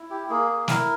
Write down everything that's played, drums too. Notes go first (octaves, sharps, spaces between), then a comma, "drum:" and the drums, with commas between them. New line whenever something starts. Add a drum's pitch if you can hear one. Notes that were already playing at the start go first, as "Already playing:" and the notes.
Already playing: E4
G4
A#3 G#4
G#4
E4 A#4, drum: snare